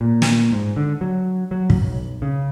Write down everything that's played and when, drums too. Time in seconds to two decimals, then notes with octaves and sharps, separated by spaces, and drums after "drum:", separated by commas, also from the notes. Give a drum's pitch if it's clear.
0.01 A#2
0.22 drum: snare
0.52 G#2
0.76 D3
1.01 F#3
1.51 F#3
1.70 drum: kick
1.82 B1
2.22 C#3